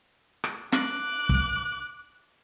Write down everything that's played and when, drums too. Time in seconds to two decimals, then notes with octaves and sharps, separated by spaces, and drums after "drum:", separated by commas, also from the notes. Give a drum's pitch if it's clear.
0.44 drum: rim click
0.72 D6 F#6, drum: snare
1.29 drum: kick